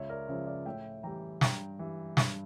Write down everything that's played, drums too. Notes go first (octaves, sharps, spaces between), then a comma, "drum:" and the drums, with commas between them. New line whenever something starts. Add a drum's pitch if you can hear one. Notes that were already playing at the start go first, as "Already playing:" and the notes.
Already playing: C#2 C#5 E5
A#4 D5
C#3 F3 C#5 E5
D5 F5
A2 E5 G5
E3 G3 G5 A#5
G2 G5 A#5, drum: snare
E3 G3
G2, drum: snare